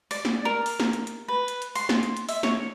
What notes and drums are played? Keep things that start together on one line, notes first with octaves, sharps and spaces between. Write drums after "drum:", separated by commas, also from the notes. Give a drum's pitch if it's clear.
D5, drum: open hi-hat
drum: snare
A#4
drum: open hi-hat
drum: snare
drum: hi-hat
drum: hi-hat
B4
drum: hi-hat
drum: hi-hat
C6, drum: open hi-hat
drum: snare
drum: hi-hat
drum: hi-hat
E5, drum: open hi-hat
C#5, drum: snare